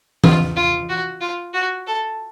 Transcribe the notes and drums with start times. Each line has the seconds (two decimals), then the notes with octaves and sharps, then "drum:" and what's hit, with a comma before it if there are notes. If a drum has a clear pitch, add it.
0.24 F4, drum: tom E3
0.56 F4
0.89 F#4
1.21 F4
1.54 F#4
1.87 A4